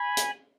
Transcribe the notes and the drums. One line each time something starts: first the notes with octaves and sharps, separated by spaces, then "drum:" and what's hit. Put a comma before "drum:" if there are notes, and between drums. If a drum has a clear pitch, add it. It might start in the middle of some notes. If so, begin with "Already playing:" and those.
Already playing: G#5 B5
drum: hi-hat